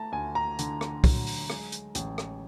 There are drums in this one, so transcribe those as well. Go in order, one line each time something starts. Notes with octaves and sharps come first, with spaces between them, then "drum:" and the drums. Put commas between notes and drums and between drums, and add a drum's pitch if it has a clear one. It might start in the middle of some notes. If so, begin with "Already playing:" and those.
Already playing: A3 A5 A#5
D2 G#5
A#5
D3, drum: hi-hat
drum: rim click
F#3, drum: kick, open hi-hat
drum: open hi-hat
G#3, drum: rim click
drum: hi-hat
A1, drum: hi-hat
drum: rim click